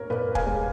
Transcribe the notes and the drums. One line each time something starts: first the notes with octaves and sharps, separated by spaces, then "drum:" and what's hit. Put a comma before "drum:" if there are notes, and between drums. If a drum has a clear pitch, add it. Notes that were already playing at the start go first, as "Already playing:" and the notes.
Already playing: A#2 A#4 C#5
A#2 B4
F5 G#5, drum: kick
G#3